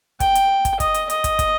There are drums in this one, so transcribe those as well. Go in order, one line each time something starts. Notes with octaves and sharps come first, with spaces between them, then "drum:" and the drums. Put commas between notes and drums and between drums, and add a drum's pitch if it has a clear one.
G5, drum: kick, hi-hat
drum: hi-hat
drum: kick, hi-hat
D#5, drum: kick, hi-hat
drum: hi-hat
D#5, drum: hi-hat
drum: kick, hi-hat
drum: kick, hi-hat